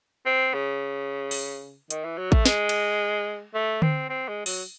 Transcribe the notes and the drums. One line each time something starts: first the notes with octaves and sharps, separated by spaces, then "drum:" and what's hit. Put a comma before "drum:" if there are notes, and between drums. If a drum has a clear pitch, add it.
C4
C#3
drum: open hi-hat
D#3, drum: hi-hat
E3
F#3
A3, drum: kick A1
G#3, drum: snare
drum: cymbal
A3
C4, drum: tom D3
C4
G#3
F#3, drum: open hi-hat